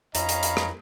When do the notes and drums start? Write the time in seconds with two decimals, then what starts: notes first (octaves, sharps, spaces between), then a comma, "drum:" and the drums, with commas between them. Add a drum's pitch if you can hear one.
0.15 F2 C#4 D#5 F5 A#5 B5, drum: hi-hat
0.29 drum: hi-hat
0.43 drum: hi-hat
0.57 drum: rim click